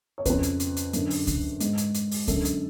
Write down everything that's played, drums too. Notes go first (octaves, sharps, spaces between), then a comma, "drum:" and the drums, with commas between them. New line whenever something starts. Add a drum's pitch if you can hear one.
C#5
F2 C#3 B4, drum: kick C#2, hi-hat
drum: hi-hat
drum: hi-hat
drum: hi-hat
F#2 D3, drum: hi-hat
drum: open hi-hat
drum: kick C#2, hi-hat
G#2, drum: hi-hat
drum: hi-hat
drum: hi-hat
drum: open hi-hat
F#2 D3 A4, drum: kick C#2, hi-hat
drum: hi-hat